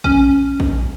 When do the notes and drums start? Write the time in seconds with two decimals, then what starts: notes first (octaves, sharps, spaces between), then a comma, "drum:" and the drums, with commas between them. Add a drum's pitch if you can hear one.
0.04 C#4, drum: kick A#1
0.60 drum: kick A#1